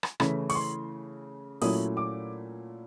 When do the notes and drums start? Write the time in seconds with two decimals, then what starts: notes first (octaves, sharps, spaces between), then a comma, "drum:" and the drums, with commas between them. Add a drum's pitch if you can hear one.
0.03 drum: rim click
0.20 C#3 E3 A3 C#4 E4 B5, drum: rim click
0.50 C#6, drum: open hi-hat
0.55 C6
1.61 A#2 F#3 A3 C#4 E4 D#6, drum: open hi-hat
1.97 D6